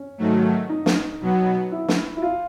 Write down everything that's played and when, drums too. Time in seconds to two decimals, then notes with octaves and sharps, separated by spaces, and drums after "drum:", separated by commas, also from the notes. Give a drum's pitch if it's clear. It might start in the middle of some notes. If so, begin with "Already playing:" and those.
Already playing: C#4
0.18 G#2 D#3 F#3 A3
0.69 D#4
0.86 drum: snare
1.20 B2 F#3 B3
1.72 E4
1.88 drum: snare
2.17 E4
2.22 F4